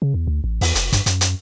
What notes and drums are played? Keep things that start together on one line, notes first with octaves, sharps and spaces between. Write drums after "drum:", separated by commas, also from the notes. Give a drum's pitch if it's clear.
C#3
E2
D2
A1
E2, drum: open hi-hat
F1, drum: hi-hat
G2, drum: kick, hi-hat
F#2, drum: hi-hat
drum: hi-hat